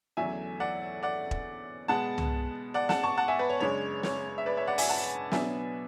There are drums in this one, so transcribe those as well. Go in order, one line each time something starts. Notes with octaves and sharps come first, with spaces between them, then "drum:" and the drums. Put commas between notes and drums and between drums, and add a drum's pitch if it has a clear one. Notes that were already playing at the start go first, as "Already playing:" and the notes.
E2 D3 F#3 A3 C#4 E5 G#5
D5 F#5
D5 F#5
drum: kick E1
B2 G#3 B3 F#5 A5
drum: tom
D5 F#5
F#5 A5, drum: snare
A5 C#6
F#5 A5
E5 G#5
B4
C#5
F#2 C#3 G#3 D4 C#5
C#5, drum: snare
E5
B4 D5
C#5 E5
D5 F#5
E5 G#5, drum: open hi-hat
F#5 A5
B2 F#3 B3 D4 E5 G#5, drum: snare